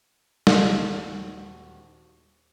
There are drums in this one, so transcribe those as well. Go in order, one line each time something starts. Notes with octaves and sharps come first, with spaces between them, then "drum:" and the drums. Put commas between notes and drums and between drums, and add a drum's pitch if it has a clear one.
D#1 F#4, drum: snare